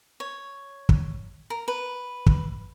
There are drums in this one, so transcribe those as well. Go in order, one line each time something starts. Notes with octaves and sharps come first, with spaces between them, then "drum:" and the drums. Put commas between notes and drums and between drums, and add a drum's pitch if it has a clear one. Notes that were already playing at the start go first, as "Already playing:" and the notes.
C#5
drum: kick
A#4
B4
drum: kick